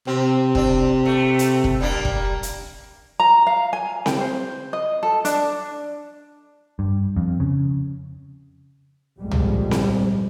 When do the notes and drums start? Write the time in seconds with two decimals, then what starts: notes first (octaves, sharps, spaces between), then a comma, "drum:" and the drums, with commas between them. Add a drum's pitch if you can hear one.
0.07 C3 C4
0.55 C4 D4, drum: kick
1.06 A3
1.39 drum: hi-hat
1.64 drum: kick
1.81 G3 A#3 D4
2.05 drum: kick
2.43 drum: hi-hat
3.20 A#5
3.47 F5
3.73 G#5
4.06 G5, drum: snare C4
4.21 C5
4.73 D#5
5.03 A4
5.25 D4, drum: hi-hat
6.79 G2
7.17 F2
7.40 C#3
9.20 A#1 F2 G#2 G3 G#3
9.31 drum: tom C#2
9.71 drum: snare C4